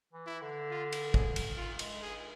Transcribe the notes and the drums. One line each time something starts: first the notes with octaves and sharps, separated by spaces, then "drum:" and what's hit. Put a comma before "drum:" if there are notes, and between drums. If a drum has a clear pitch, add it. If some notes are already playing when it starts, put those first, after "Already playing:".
E3
E4
D3
F4
drum: cymbal
G#4, drum: kick
drum: cymbal
F4
G#3, drum: cymbal
G#4